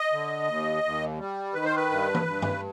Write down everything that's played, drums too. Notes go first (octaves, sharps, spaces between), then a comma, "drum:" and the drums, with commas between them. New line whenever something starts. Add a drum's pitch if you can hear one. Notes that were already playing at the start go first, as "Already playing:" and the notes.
Already playing: D#5
D3
D#2
D#2
G3
D#3 B4
C5
B4
G2
drum: tom E3
G2
drum: tom G2